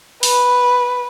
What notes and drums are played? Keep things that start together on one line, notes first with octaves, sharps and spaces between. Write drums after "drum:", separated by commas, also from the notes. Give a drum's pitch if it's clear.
B4, drum: open hi-hat